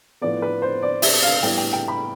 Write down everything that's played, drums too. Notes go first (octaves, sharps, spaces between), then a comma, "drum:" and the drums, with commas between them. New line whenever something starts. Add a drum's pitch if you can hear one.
A2 F3 B3 D5
B4
C5
D5
E5, drum: open hi-hat
F5
A2 G3 B3 G5
G5
G5
B5